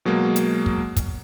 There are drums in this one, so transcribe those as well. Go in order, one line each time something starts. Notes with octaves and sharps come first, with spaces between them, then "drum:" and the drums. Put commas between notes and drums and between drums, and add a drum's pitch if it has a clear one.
B2 F#3 G#3 A#3
drum: hi-hat
drum: kick
drum: kick, hi-hat